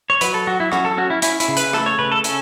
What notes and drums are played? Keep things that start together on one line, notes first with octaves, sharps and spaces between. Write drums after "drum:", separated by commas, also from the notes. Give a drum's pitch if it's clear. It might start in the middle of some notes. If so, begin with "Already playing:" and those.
C#5
F#3 B4, drum: hi-hat
A4
F#3 F#4
E4
C#4 F#4, drum: rim click
A4
C#4 F#4
E4
C#4 E4, drum: hi-hat
E4, drum: hi-hat
C#3
B4, drum: hi-hat
A3 A4, drum: rim click
C#5
C#3 B4
A4
C#4, drum: hi-hat